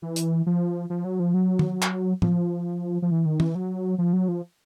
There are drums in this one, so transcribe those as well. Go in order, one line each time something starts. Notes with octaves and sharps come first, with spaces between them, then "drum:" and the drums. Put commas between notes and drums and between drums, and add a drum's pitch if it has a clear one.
E3
drum: hi-hat
F3
F3
F#3
F3
F#3
drum: tom
drum: clap
F3, drum: tom
F3
E3
D#3
E3, drum: tom
F#3
F3
F#3
F3